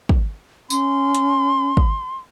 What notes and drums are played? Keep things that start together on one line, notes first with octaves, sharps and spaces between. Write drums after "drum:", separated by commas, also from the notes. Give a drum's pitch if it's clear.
drum: kick
C#4 C6, drum: tambourine
drum: hi-hat
drum: kick